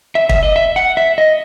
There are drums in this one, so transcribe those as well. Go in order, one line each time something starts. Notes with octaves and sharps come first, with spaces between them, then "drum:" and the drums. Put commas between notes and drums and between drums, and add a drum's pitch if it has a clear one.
E5
E5, drum: kick
D#5
E5
F#5
E5
D#5